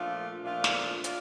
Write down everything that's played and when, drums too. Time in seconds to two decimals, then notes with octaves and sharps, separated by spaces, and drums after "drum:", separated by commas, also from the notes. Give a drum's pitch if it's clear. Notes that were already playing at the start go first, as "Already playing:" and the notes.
Already playing: A#2 F3 A3 D4 F4
0.44 A#2 F3 A3 D4 F4
0.64 drum: snare
1.04 D4 F4, drum: hi-hat